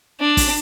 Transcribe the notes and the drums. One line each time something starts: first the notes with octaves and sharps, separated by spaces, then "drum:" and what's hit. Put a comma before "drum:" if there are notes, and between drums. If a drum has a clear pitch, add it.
D4
drum: kick, open hi-hat